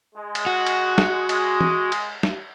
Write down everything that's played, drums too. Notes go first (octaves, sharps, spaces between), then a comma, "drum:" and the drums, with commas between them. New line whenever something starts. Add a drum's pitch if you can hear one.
G#3
drum: cymbal
F#4
drum: cymbal
drum: snare
G#3, drum: cymbal
drum: tom E3
drum: cymbal
drum: snare